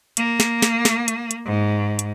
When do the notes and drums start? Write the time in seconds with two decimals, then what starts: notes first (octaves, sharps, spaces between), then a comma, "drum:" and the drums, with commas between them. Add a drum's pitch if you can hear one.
0.17 A#3, drum: hi-hat
0.40 drum: snare
0.62 drum: snare
0.85 drum: snare
1.08 drum: hi-hat
1.31 drum: hi-hat
1.45 G#2
1.99 drum: hi-hat